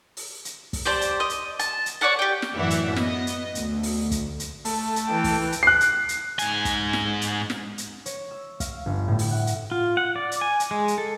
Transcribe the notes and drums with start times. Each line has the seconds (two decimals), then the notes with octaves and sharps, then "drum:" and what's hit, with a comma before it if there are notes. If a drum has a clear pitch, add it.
0.17 drum: open hi-hat
0.45 drum: hi-hat
0.73 drum: kick, open hi-hat
0.85 G4 C5 D5 A5
1.01 drum: hi-hat
1.20 D#5
1.29 drum: hi-hat
1.59 A5, drum: hi-hat
1.86 drum: hi-hat
2.01 C#5 D5 F#5 A5
2.19 G4 G5
2.42 drum: snare
2.56 F#2 A2 E3 D5 E5 F#5
2.70 drum: hi-hat
2.96 B3 D#5, drum: snare
3.27 drum: hi-hat
3.55 D2, drum: hi-hat
3.83 drum: open hi-hat
4.11 drum: kick, hi-hat
4.40 drum: hi-hat
4.65 A3, drum: open hi-hat
4.96 drum: hi-hat
5.09 E3 G5
5.24 drum: kick, open hi-hat
5.52 drum: hi-hat
5.63 F#6 C7
5.81 drum: hi-hat
6.09 drum: hi-hat
6.39 G#2 G#5, drum: hi-hat
6.65 drum: kick, hi-hat
6.93 drum: snare
7.21 drum: hi-hat
7.50 drum: snare
7.78 drum: hi-hat
8.06 C#5, drum: hi-hat
8.31 E6
8.60 F5, drum: kick, hi-hat
8.86 G1
9.08 A2
9.19 drum: open hi-hat
9.31 F#5
9.47 drum: hi-hat
9.72 F4
9.97 F#5
10.16 D5
10.32 drum: hi-hat
10.41 G#5
10.60 drum: hi-hat
10.71 G#3
10.88 drum: hi-hat
10.98 A4